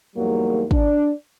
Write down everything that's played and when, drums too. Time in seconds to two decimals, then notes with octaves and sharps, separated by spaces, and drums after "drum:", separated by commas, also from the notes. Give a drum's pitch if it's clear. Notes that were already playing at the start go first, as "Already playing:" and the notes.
0.16 E2 G#2 F#3 G3 A#3
0.71 D4, drum: kick